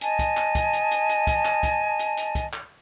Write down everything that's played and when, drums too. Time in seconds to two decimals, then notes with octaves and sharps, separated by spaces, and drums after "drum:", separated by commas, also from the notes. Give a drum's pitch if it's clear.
0.01 D#5 G#5 A5, drum: hi-hat
0.19 drum: kick, hi-hat
0.37 drum: clap
0.55 drum: kick, hi-hat
0.73 drum: hi-hat
0.91 drum: hi-hat
1.09 drum: hi-hat
1.27 drum: kick, hi-hat
1.45 drum: clap
1.63 drum: kick, hi-hat
1.99 drum: hi-hat
2.17 drum: hi-hat
2.35 drum: kick, hi-hat
2.53 drum: clap